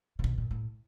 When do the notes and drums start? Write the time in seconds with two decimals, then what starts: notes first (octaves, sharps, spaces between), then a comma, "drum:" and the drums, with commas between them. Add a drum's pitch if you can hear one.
0.19 C3
0.24 B2, drum: kick A#1
0.38 A#2
0.51 A2